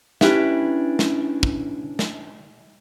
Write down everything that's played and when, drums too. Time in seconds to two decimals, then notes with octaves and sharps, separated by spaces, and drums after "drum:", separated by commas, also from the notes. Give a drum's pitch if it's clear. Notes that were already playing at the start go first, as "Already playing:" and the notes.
0.21 C#4 D4 E4 G4 B4 E5, drum: snare
0.99 drum: snare
1.43 drum: kick
1.99 drum: snare